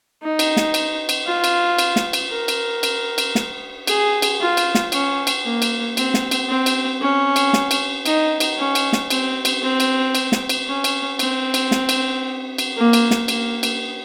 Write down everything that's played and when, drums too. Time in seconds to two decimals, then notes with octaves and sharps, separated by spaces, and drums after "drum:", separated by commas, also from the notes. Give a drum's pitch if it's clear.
0.22 D#4
0.39 drum: cymbal
0.57 drum: snare
0.74 drum: cymbal
1.09 drum: cymbal
1.26 F4
1.44 drum: cymbal
1.79 drum: cymbal
1.96 drum: snare
2.13 drum: cymbal
2.30 A#4
2.48 drum: cymbal
2.83 drum: cymbal
3.18 drum: cymbal
3.35 drum: snare
3.87 G#4, drum: cymbal
4.22 drum: cymbal
4.40 F4
4.57 drum: cymbal
4.75 drum: snare
4.92 C#4, drum: cymbal
5.27 drum: cymbal
5.44 A#3
5.62 drum: cymbal
5.97 C4, drum: cymbal
6.14 drum: snare
6.31 drum: cymbal
6.49 C4
6.66 drum: cymbal
7.01 C#4
7.36 drum: cymbal
7.53 drum: snare
7.71 drum: cymbal
8.06 D#4, drum: cymbal
8.40 drum: cymbal
8.57 C#4
8.75 drum: cymbal
8.93 drum: snare
9.10 C4, drum: cymbal
9.45 drum: cymbal
9.62 C4
9.80 drum: cymbal
10.15 drum: cymbal
10.32 drum: snare
10.49 drum: cymbal
10.67 C#4
10.84 drum: cymbal
11.19 C4, drum: cymbal
11.54 drum: cymbal
11.71 drum: snare
11.89 drum: cymbal
12.58 drum: cymbal
12.76 A#3
12.93 drum: cymbal
13.11 drum: snare
13.28 A#3, drum: cymbal
13.63 drum: cymbal